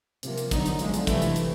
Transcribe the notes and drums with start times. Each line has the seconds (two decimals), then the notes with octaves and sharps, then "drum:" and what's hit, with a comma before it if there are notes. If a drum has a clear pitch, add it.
0.23 C3 F3 A#3, drum: hi-hat
0.38 drum: hi-hat
0.51 D3 F#3 B3 D#4, drum: kick, hi-hat
0.66 drum: hi-hat
0.79 D3 F3 G#3, drum: hi-hat
0.94 drum: hi-hat
1.07 C3 E3 A3, drum: kick, hi-hat
1.22 drum: hi-hat
1.36 drum: hi-hat